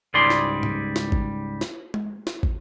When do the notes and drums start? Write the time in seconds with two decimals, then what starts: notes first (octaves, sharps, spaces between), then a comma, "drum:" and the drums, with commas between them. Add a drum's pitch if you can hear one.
0.14 C#2 G#2 G3 G#4 D5 C6
0.30 drum: snare
0.63 drum: tom G#2
0.96 drum: snare
1.12 drum: kick
1.61 drum: snare
1.94 drum: tom G#3
2.27 drum: snare
2.43 drum: kick